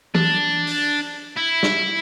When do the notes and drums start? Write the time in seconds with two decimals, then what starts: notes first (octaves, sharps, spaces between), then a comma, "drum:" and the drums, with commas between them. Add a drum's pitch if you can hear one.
0.15 D4, drum: tom E3
0.67 drum: open hi-hat
1.36 E4
1.63 drum: snare